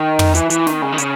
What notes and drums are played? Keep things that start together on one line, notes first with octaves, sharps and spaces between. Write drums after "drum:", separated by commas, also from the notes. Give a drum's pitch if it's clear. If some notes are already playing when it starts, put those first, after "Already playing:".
Already playing: D#3
drum: tom
E3, drum: hi-hat
E3, drum: hi-hat
D#3, drum: snare
C#3
D#3
C#3, drum: hi-hat